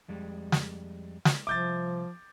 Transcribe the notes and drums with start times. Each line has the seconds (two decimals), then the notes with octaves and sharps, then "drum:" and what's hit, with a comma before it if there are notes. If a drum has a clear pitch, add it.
0.08 F2 G3 G#3
0.52 drum: snare
1.25 drum: snare
1.47 C2 F3 E5 D6 G6 A6